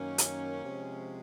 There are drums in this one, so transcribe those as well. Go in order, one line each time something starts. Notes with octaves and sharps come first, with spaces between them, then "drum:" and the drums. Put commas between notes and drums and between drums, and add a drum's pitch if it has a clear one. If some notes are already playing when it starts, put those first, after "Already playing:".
Already playing: F#2 D#3 A#3 C#4
drum: hi-hat
C3 F3 G#3